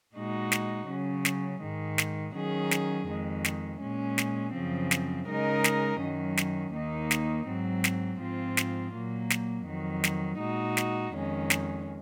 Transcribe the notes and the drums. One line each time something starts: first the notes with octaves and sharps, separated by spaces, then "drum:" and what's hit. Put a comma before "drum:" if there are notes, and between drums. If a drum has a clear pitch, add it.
A#2 G#3 D#4 F#4
drum: snare
C#3 F#3 C#4
drum: snare
G#2 D#3 G#3
drum: snare
D#3 F#3 C#4 G#4
drum: snare
F2 D#3 G#3
drum: snare
A#2 G#3 C#4
drum: snare
F#2 C#3 F3 C4
drum: snare
C#3 G#3 D#4 A#4 D#5
drum: snare
F#2 D#3 F#3 C#4
drum: snare
D#2 D#3 A#3 D#4
drum: snare
G#2 F#3 C4
drum: snare
G#2 F3 C4 F4
drum: snare
A#2 F#3 A#3
drum: snare
F2 D#3 F#3
drum: snare
A#2 G#3 D#4 F#4
drum: snare
F2 D#3 G#3 C#4
drum: snare